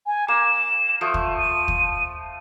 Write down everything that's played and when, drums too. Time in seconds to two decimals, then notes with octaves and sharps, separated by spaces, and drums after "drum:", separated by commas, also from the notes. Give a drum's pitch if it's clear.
0.06 G#5
0.28 A#3 E7
1.01 F3 A3
1.14 drum: kick
1.39 D#7
1.68 drum: kick